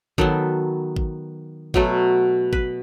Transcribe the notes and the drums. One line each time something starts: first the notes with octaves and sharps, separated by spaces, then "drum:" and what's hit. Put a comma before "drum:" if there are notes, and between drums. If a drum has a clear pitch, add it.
D#3 F#3 B3 A4, drum: kick G#1
drum: kick G#1
B2 F#3 A3, drum: kick G#1
B4, drum: kick G#1